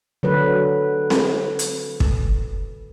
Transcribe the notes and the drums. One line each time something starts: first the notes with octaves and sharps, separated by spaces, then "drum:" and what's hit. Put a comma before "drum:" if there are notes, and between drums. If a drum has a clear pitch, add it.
D3 F#3 B4
drum: snare C4
drum: hi-hat
drum: kick